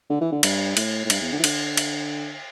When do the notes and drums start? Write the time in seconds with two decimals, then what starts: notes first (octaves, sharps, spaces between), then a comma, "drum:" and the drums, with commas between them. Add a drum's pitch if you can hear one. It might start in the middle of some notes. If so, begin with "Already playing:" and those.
0.10 D3
0.21 E3
0.32 D3
0.43 G2, drum: cymbal
0.77 A2, drum: cymbal
1.06 A2
1.10 G2, drum: cymbal
1.22 E2
1.33 D3
1.39 E3
1.44 D3, drum: cymbal
1.77 drum: cymbal